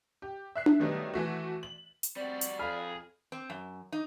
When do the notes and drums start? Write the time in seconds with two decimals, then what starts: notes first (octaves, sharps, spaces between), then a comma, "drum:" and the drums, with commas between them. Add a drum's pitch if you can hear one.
0.22 G4
0.55 E5 F#6 C7
0.66 drum: tom D4
0.80 D#3 F#3 G3 A3 B3 D#4
1.14 E3 A3 F#4
1.63 F#7
2.03 drum: hi-hat
2.16 G3 C4 F#4 D5
2.41 drum: hi-hat
2.59 F2 G#4 F5 B5 F6
3.32 C4
3.50 F#2
3.92 D#4